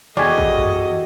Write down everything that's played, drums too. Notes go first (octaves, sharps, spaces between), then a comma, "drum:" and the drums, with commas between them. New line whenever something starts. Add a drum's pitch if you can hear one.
E2 F#4 G4 A4 D5 D#5 G#5
drum: kick
drum: tom F#2